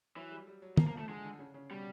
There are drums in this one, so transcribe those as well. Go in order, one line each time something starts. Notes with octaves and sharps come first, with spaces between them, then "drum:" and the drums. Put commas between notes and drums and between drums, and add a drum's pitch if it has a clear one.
E3 F#3
G3
G3
F#3
F3 A#3, drum: tom
A#3
F3
A3
D3 G#3
D3
C#3
C#3
B2 G3